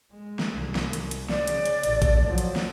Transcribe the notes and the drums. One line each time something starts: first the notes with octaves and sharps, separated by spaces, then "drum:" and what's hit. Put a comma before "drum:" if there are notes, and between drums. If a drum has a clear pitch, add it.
G#3
drum: snare
C2
drum: snare
drum: hi-hat
drum: hi-hat
C#3 D5, drum: snare
drum: hi-hat
drum: hi-hat
A1, drum: hi-hat
drum: kick A1, hi-hat
F3 F#3
drum: hi-hat
drum: snare